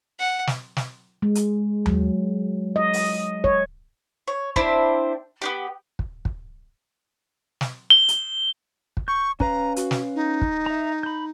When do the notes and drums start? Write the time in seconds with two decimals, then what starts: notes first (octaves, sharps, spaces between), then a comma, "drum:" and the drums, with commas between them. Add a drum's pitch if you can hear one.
0.19 F#5
0.47 drum: snare
0.77 drum: snare
1.22 G#3
1.35 drum: hi-hat
1.86 F#3, drum: tom D#2
2.76 D#5
2.93 drum: open hi-hat
3.44 C#5, drum: kick
4.28 C#5
4.56 C4 D4 E4 C5, drum: kick
5.42 B3 D4 G4
5.99 drum: kick
6.25 drum: kick
7.61 drum: snare
7.90 G7
8.08 drum: hi-hat
8.97 drum: kick
9.08 C#6 G6
9.40 C#4 B4 F5 A#5, drum: kick
9.76 F#4, drum: hi-hat
9.91 drum: snare
10.15 D#4
10.41 drum: kick
10.66 E5 A#5
11.03 B5 G6